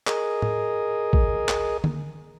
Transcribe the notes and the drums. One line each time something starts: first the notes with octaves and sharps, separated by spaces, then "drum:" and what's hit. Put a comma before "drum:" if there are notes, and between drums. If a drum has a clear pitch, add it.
G#4 A#4 D#5, drum: clap
drum: tom A2
drum: kick
drum: clap
drum: tom D3